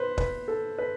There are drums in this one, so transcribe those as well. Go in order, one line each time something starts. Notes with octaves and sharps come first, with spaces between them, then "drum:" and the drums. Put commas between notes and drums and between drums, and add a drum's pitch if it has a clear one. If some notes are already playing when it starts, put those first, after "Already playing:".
Already playing: B4 C5
B4, drum: kick
A4
B4